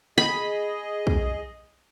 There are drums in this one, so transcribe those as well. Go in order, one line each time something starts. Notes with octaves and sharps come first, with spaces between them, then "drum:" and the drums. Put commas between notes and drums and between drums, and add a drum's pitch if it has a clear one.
G#4 D#5 B5
drum: kick